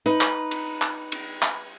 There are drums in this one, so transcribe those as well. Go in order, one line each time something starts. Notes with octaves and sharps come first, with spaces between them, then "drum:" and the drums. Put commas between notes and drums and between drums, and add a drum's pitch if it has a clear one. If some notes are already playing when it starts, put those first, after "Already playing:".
D#4 B4
drum: clap
drum: cymbal
drum: clap
drum: cymbal
drum: clap